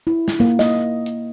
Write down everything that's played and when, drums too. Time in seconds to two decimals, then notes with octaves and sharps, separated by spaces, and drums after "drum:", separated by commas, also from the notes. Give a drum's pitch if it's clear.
0.07 E4
0.28 drum: snare
0.40 A#3
0.59 D#5, drum: snare
1.06 drum: hi-hat